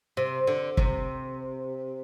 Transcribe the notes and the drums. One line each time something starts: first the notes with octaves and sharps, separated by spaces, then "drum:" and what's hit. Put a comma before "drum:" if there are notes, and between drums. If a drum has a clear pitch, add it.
C3
D3
C3, drum: kick